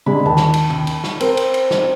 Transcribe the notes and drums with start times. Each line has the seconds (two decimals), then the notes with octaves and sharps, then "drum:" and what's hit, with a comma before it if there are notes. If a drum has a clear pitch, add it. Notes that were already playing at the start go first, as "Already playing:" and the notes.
0.06 D3 G#3 B5
0.26 D#2 A5
0.37 drum: snare
0.53 drum: cymbal
0.70 drum: tom D3
0.87 drum: cymbal
1.04 drum: snare
1.20 C4 A#4, drum: cymbal
1.37 drum: cymbal
1.54 drum: cymbal
1.71 drum: snare